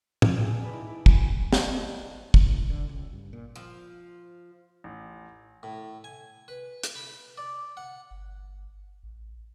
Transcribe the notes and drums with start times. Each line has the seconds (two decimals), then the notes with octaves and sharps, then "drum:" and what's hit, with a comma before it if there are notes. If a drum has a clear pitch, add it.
0.22 A#3, drum: tom
0.38 G#4 G5 A5
0.60 B4 D5 E6
0.72 D#4 E4 E5 D6
0.87 E4
1.06 F#4 G5 G#5 C6, drum: kick
1.53 E4 G4 C5 D5 D#5 A5, drum: snare
2.34 drum: kick
2.46 A2
2.70 D3
2.89 C#2
3.13 G2
3.33 A#2
3.56 F3
4.84 A1
5.63 A2
6.04 G#5
6.48 B4
6.83 drum: hi-hat
6.95 B5
7.38 D5
7.77 F#5
8.11 G1
9.03 A1